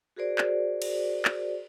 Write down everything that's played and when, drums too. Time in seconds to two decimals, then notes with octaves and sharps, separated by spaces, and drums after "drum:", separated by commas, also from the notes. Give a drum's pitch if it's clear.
0.16 F#4 G#4 A#4 C5 D5
0.38 drum: clap
0.82 drum: cymbal
1.25 drum: clap